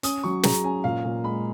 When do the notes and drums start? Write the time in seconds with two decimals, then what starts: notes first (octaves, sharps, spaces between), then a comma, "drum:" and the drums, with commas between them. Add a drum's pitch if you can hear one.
0.03 C#4 D#6, drum: hi-hat
0.24 F#3 C#6
0.43 G#4 A#5, drum: snare
0.64 C#4 G#5
0.84 A#2 F5
1.04 A#2
1.24 G#3 B5